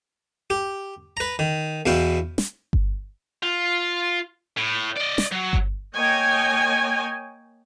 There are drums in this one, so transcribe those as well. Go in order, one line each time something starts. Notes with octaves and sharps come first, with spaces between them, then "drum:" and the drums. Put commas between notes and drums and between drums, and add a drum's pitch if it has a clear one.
G4
B4 A#5
D#3
E2 B2 E4 F5 G5
drum: snare
drum: kick G1
F4
A2
D5 D#5
drum: snare
F#3
drum: kick G1
A#3 C#5 D#5 G5 G#5